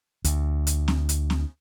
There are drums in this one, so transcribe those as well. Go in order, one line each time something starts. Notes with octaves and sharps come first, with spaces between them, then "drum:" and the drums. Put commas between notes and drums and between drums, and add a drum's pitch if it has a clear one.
D2, drum: hi-hat
drum: hi-hat
drum: snare
drum: hi-hat
drum: snare